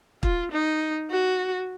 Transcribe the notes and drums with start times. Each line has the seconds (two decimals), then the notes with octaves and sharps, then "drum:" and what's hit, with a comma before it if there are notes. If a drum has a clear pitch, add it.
0.23 F4, drum: kick
0.52 D#4
1.11 F#4